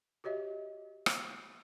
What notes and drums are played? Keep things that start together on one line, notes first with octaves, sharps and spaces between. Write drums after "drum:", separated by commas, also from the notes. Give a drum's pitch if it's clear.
F#4 G4 C#5 D#5 E5
drum: rim click